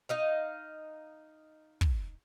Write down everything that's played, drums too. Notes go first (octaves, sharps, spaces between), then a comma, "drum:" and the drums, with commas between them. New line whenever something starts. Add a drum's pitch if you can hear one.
D#4 D#5 F5
drum: kick